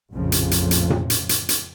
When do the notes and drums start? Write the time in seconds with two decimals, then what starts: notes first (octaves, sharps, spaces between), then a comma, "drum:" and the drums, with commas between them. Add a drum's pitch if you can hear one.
0.12 A#1 F2 A2 C#3 F3
0.32 drum: hi-hat
0.51 drum: hi-hat
0.71 drum: hi-hat
0.90 drum: tom A#2
1.10 drum: hi-hat
1.29 drum: hi-hat
1.49 drum: hi-hat